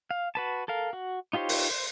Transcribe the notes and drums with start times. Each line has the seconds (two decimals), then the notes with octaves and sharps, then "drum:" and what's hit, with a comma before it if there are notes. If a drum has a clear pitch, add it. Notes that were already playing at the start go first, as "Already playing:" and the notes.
0.11 F5
0.35 F#4 B4 A5
0.68 A4 A#4 F5
0.93 F#4
1.33 D#4 F4 G4 C5 C#5
1.49 drum: open hi-hat
1.71 C5